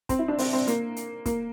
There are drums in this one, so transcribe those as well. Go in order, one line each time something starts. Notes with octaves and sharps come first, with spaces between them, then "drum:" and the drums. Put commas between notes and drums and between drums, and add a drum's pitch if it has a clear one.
C4, drum: kick, hi-hat
E4
D4
C4, drum: open hi-hat
C4
A#3, drum: hi-hat
drum: hi-hat
A#3, drum: kick, hi-hat